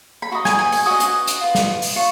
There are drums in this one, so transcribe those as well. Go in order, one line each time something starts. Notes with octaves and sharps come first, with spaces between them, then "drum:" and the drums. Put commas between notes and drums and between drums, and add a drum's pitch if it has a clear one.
B5
F#4 B4 D#5 A#5
G#5, drum: snare
G#5
G#5, drum: open hi-hat
F#4 B4 D#5 D#6
drum: hi-hat
drum: hi-hat
F4 B4 D#5
drum: snare
drum: open hi-hat
F4 B4 C#6